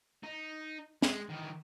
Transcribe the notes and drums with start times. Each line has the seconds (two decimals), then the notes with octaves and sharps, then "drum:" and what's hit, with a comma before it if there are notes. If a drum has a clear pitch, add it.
0.23 D#4
1.02 G#3, drum: snare
1.29 D#3 E3